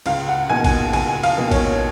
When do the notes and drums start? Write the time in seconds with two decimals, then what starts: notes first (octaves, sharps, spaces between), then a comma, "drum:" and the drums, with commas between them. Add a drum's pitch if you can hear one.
0.06 C#2 F5, drum: cymbal
0.28 F#5
0.49 B2 A#3 D#4 G#5
0.64 drum: kick A#1, cymbal
0.93 C#2 G#5, drum: cymbal
1.23 F5, drum: cymbal
1.38 B2 A#3 D#4
1.51 C#5, drum: kick A#1, cymbal